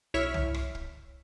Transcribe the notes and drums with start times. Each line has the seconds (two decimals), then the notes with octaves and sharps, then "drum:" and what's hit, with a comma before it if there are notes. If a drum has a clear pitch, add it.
0.14 B1 E4 C#5 E5 F6 B6
0.34 drum: tom C2
0.54 drum: rim click
0.75 drum: kick